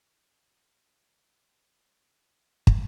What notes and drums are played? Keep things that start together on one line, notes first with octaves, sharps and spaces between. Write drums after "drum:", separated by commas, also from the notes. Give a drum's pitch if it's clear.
D#4 E4
E4 F4 E5 F5
E3 F3 G#3 C4 C#4 D#4
drum: kick